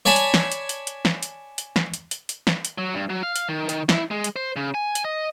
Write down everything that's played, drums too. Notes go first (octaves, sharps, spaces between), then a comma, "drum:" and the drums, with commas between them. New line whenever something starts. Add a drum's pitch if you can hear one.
C#5 D5 G#5 A5 B5
drum: hi-hat
drum: snare
drum: hi-hat
drum: hi-hat
drum: hi-hat
drum: snare
drum: hi-hat
drum: hi-hat
drum: snare
drum: hi-hat
drum: hi-hat
drum: hi-hat
drum: snare
drum: hi-hat
F#3
G2
F#3
F5
drum: hi-hat
D#3
D#3, drum: hi-hat
E4, drum: snare
G#3
drum: hi-hat
C5
C#3
G#5
drum: hi-hat
D#5